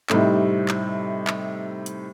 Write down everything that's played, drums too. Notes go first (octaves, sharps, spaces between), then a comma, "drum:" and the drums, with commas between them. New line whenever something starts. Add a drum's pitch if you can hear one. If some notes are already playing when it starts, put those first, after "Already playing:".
A2 C3 G3 C4 D#4, drum: clap
drum: clap
drum: clap
drum: hi-hat